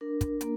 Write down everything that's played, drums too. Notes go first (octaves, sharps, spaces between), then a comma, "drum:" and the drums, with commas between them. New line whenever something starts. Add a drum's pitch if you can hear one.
D4 A#4
drum: kick, hi-hat
A#3, drum: hi-hat